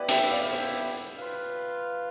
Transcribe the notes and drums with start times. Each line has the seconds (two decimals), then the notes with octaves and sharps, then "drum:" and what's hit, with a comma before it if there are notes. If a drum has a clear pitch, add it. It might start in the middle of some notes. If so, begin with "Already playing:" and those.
Already playing: B3 E4 G4 B4 D5
0.09 E5 G5, drum: hi-hat
0.31 D5 F5
0.52 C5 E5
1.17 F4 B4 F5